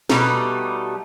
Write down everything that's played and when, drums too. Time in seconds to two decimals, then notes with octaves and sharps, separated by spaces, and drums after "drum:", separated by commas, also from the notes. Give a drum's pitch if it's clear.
0.09 B2 G3 A3 D#4, drum: snare